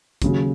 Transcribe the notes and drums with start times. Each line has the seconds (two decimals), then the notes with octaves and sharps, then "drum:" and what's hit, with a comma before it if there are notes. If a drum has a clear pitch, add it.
0.22 D#2 C#3 F#3, drum: kick, hi-hat